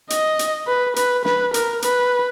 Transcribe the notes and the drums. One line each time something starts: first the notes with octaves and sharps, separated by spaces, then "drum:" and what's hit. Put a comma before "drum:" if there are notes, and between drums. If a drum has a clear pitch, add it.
D#5, drum: hi-hat
drum: hi-hat
B4
B4, drum: hi-hat
B4, drum: snare
A#4, drum: hi-hat
B4, drum: hi-hat